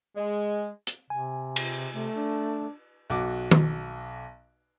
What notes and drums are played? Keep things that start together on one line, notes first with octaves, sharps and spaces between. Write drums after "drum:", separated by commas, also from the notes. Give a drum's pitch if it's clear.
G#3
drum: hi-hat
C3 G#5
drum: cymbal
C3 A3
D4
B1 F#4 D6
drum: tom D#3